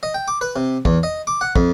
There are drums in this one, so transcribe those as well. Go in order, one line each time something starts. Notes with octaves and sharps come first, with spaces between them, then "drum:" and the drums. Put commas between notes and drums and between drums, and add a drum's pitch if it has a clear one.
D#5
G5
D6
B4
C3
E2, drum: kick
D#5
D6
F#5
F2, drum: kick